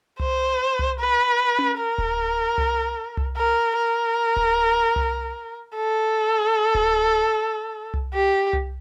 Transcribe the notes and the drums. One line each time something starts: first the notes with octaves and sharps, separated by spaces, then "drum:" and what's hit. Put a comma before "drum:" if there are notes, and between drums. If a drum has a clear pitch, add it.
C5, drum: tom C2
drum: tom C2
B4
drum: tom C#4
A#4
drum: kick D1
drum: tom C2
drum: tom C2
A#4
A#4
drum: kick D1
drum: tom C2
A4
drum: kick D1
drum: tom C2
G4
drum: tom C2